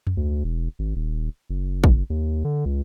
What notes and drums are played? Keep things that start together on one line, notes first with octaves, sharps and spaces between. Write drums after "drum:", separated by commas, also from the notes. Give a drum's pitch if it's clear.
drum: tom F2
D2
E1
G#1
D#1
F#1
drum: kick
D#2
D3
C#2